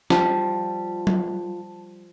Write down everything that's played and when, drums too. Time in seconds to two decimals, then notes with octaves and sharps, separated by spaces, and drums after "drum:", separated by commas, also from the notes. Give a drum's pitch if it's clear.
0.10 F3 G3 F4 A5, drum: snare
1.07 drum: tom F#3